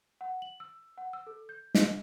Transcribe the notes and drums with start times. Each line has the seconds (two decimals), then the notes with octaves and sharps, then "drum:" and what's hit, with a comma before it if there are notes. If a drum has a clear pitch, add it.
0.21 F#5
0.42 F#7
0.60 E6
0.98 F#5
1.13 E6
1.27 A4
1.49 G6
1.74 D#5, drum: snare